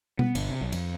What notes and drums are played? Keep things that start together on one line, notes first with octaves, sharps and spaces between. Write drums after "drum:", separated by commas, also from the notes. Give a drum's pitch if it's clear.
B3, drum: tom B2
G1, drum: cymbal
C3
B1
F2, drum: cymbal